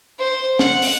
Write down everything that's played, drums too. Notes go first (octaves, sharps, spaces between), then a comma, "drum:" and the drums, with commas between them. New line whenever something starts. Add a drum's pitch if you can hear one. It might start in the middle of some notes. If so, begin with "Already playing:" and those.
C5
F#5, drum: snare
drum: open hi-hat